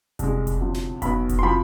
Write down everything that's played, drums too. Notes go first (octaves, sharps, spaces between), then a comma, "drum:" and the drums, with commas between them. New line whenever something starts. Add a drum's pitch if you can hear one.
C2 C3 G#3, drum: kick F1, hi-hat
drum: kick F1, hi-hat
E1 D2 C3 F3
drum: snare
B1 B2 B3 B5, drum: kick F1, hi-hat
drum: kick F1, hi-hat
C6
C3 F3 B5